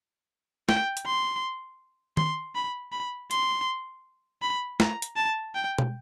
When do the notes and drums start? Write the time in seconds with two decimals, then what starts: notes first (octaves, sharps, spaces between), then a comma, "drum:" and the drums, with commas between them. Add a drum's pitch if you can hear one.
0.69 G5, drum: snare
0.97 drum: hi-hat
1.06 C6
2.17 C6, drum: tom D#3
2.56 B5
2.92 B5
3.31 C6, drum: hi-hat
4.42 B5
4.80 A#5, drum: snare
5.02 drum: hi-hat
5.17 A5
5.55 G5
5.78 drum: tom